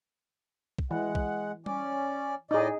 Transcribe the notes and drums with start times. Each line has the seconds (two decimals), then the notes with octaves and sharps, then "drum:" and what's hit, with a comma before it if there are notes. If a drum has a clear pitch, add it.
0.78 drum: kick
0.91 E3 G#3 F#5
1.15 drum: kick
1.66 C#4 D5, drum: tom G3
2.51 A2 D#4 G#4 D5 D#5